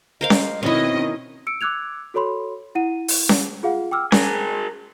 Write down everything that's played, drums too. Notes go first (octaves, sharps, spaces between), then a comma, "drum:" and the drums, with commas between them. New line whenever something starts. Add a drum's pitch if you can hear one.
A#4 C5 D#5 F5
drum: snare C#4
B2 D#3 C4 C#4 E4 D#5
E6 C#7 D7
D6 E6 F#6 G#6 F7
F#4 A4 C#5 B5 C6
E4 F#5 D#7
drum: open hi-hat
drum: snare C#4
F4 G#4 F5 F#5
G5 D6 E6 F6
G#4 A#4, drum: snare C#4